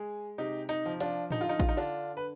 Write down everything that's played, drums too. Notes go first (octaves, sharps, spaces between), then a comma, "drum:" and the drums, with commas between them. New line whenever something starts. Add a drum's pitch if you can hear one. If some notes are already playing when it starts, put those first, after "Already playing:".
Already playing: G#3 G#4
C3 D#4 G4
D#4, drum: hi-hat
F3
D4 F4, drum: hi-hat
D3 D#4, drum: tom A2
F4
D#4
F4, drum: kick A1, hi-hat
D#4
D3 D4 F4
B4